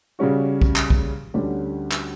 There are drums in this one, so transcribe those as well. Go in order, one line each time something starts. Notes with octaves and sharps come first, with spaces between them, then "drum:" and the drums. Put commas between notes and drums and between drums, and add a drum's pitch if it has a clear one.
C#3 G3 C#4 F#4
drum: kick
drum: clap
drum: kick
D2 D3 G3 C#4 G4
drum: clap